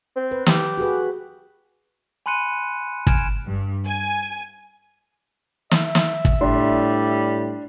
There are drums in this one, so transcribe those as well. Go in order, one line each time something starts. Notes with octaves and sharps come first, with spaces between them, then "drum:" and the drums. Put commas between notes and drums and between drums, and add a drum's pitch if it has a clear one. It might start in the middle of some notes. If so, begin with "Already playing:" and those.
C4
B4
G4, drum: snare
F#4 G#4 B4
G#5 B5 C6 F#6 C#7 D#7
G#5 F6 G#6 D7 E7, drum: kick
G2
G#5
E5, drum: snare
drum: snare
drum: kick
A2 G3 D4 C6